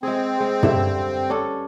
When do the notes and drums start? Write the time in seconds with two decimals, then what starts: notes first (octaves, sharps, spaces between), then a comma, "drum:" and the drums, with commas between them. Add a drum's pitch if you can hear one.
0.03 G#3 C4 G#4
0.40 G#3
0.63 G2 D3 E5, drum: tom
1.30 C#4 D4 A4